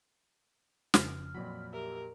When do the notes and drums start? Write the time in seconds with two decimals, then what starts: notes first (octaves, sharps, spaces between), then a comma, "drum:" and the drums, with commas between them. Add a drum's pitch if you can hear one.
0.94 F2 C#3 F6, drum: snare
1.34 F2 A#2 F#3 B5
1.73 G4 A#4 E5